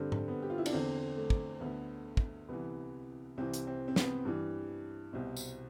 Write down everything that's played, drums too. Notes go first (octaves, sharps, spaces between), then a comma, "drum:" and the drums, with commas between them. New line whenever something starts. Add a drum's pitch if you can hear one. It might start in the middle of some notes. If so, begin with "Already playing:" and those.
Already playing: G2 D3 C4
drum: tom G#2
B3
G4
F4
E4
D4, drum: cymbal
E2 D3 C4
A3
drum: kick
D2 D3 B3
drum: kick
C2 C3 E3 B3
C2 C3 E3 C4
drum: hi-hat
C4
C4
B3, drum: snare
G2 E3
C2 B2 C4
drum: tambourine